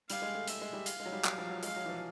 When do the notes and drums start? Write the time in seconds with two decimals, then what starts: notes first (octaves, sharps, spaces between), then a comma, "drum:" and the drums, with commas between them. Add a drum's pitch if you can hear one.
0.10 G3 F5, drum: hi-hat
0.22 G#3
0.35 A3
0.48 A3 E5, drum: hi-hat
0.61 G#3
0.73 G3
0.86 F5, drum: hi-hat
1.00 G#3
1.05 F#3
1.12 G3
1.24 F#3, drum: clap
1.38 F3
1.50 F#3
1.63 G#3 F5, drum: hi-hat
1.76 F#3
1.85 E3
1.89 F3